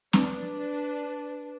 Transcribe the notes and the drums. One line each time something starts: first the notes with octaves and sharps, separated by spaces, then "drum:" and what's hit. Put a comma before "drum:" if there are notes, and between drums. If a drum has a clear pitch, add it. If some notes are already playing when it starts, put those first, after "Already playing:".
D4 B4, drum: snare C4